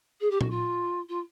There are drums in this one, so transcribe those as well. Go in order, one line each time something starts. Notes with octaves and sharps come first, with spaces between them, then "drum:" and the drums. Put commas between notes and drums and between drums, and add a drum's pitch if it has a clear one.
G#4
G4
F#4, drum: tom A#2
F4
F4